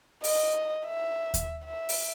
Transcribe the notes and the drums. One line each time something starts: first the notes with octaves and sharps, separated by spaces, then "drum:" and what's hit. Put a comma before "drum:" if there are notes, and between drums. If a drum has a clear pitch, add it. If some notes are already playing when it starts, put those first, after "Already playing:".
D#5, drum: open hi-hat
E5
drum: kick D#2, hi-hat
E5
drum: open hi-hat